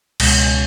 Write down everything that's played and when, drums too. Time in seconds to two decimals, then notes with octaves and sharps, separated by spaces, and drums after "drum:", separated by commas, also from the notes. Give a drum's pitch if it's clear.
0.20 C#2 B2 G#3 C#4, drum: cymbal